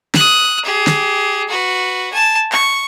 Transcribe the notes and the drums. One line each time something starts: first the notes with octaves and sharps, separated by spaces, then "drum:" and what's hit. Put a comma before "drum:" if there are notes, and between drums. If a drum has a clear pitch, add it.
D#6 F#6, drum: snare
G4 G#4
drum: snare
F#4 B4
G#5 A5
C#6, drum: clap